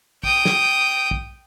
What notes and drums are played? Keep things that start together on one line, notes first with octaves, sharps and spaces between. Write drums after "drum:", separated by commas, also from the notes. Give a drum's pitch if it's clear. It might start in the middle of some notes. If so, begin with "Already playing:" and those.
G5 D#6, drum: kick
drum: snare
drum: kick